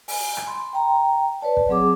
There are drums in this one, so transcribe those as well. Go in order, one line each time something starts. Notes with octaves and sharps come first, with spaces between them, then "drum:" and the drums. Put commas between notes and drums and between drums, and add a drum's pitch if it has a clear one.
G#5, drum: open hi-hat
drum: rim click
B5 C6
G5 A#5
B4 C#5 D5 A5
drum: kick
F#3 C4 G#4 D6